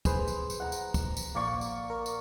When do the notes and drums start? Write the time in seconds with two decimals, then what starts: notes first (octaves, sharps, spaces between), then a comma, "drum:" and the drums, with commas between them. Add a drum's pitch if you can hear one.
0.05 G#4 B4 C5, drum: kick, tambourine
0.28 drum: tambourine
0.50 drum: tambourine
0.60 F#5 A#5
0.72 drum: tambourine
0.94 drum: kick, tambourine
1.17 drum: tambourine
1.35 A#1 A#3 D5 C#6
1.61 drum: tambourine
1.90 A#4
2.06 drum: tambourine